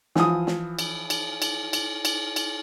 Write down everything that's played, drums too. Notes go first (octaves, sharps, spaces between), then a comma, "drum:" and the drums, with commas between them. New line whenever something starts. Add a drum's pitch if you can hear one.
E3 F3 D#6, drum: snare
drum: snare
drum: cymbal
drum: cymbal
drum: cymbal
drum: cymbal
drum: cymbal
drum: cymbal